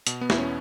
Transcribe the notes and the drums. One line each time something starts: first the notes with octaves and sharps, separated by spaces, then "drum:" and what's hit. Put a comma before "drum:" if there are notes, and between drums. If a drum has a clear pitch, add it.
B2, drum: hi-hat
B3
E2 E4, drum: snare
C#4